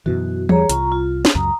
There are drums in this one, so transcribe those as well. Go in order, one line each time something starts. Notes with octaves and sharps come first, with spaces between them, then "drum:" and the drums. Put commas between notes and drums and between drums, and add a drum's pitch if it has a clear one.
F#2 B2 E3 F#4
E2 G3 G#4 C#5 A#5, drum: tom E3
C2 F4 A#5 C#6, drum: hi-hat
F4
drum: snare
C#2 F#2 A#5 D#6